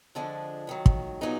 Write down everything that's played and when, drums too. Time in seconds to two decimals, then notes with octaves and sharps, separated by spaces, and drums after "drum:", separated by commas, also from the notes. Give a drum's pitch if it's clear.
0.15 F2 D3 F3 G#3 D4
0.67 F2 D#3 F#3
0.86 drum: kick
1.21 A#2 F#3 B3 D#4 G#4